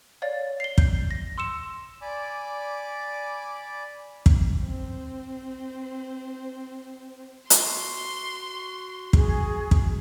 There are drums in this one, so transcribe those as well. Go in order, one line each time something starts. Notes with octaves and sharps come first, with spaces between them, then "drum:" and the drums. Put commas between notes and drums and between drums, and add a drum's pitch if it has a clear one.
C#5 D5 F5 A6
C7 G7
G6, drum: kick
A#6
C6 E6 C#7 E7
D5 G#5 B5 D6
drum: kick
C4 C5
F#4 C6, drum: hi-hat
G#4, drum: kick
drum: kick